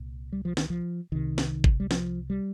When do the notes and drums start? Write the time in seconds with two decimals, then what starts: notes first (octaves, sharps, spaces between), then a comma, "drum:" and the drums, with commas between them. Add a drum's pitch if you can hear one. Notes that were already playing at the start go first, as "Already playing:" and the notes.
Already playing: C2 A#2
0.32 G3
0.45 F3
0.57 D#3, drum: snare
0.70 F3
1.12 C2 C3 D#3
1.38 drum: snare
1.64 drum: kick G1
1.80 G3
1.91 F3, drum: snare
2.30 G3